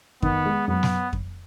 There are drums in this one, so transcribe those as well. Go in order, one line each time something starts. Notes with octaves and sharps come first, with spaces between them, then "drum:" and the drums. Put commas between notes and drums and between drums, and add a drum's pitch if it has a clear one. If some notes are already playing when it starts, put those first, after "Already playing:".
D#3 B3, drum: kick F2
G#3
F#2 B3
drum: snare
drum: kick F2